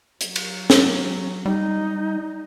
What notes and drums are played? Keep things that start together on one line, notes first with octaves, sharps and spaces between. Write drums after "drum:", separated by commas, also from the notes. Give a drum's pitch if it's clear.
F#3, drum: hi-hat
drum: cymbal
drum: snare
G3 D#4